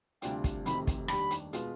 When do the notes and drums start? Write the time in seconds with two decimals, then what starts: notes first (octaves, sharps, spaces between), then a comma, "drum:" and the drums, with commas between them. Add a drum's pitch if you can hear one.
0.22 D2 C3 G3 D4 F4 G5, drum: hi-hat
0.44 drum: kick, hi-hat
0.66 F1 F2 C3 D#3 B5, drum: hi-hat
0.87 drum: kick, hi-hat
1.08 D#2 D#3 G3 D4 G4 B5, drum: rim click
1.30 drum: hi-hat
1.53 B2 G#3 B3 F4, drum: hi-hat